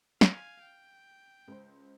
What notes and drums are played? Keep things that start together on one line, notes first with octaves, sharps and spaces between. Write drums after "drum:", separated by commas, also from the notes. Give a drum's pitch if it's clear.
F5 G#5, drum: snare
G5
C#2 C5